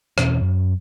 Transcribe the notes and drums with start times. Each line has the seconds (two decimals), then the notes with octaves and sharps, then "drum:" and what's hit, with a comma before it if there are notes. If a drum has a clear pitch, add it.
0.18 E2 B2 E3 C#4, drum: rim click
0.41 F#2